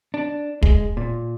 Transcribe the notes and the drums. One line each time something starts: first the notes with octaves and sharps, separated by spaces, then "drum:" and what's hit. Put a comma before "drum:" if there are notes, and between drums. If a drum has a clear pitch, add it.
D4
G#3, drum: kick
A#2